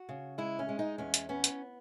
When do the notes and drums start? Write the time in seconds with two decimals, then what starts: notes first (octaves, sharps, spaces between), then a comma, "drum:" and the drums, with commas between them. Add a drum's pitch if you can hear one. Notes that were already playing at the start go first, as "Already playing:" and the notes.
Already playing: F#4
0.09 C#3
0.38 G#3 E4
0.59 C#4
0.69 G#3
0.79 D#4
0.98 E2 C#4
1.14 drum: hi-hat
1.29 B3 C#4
1.44 drum: hi-hat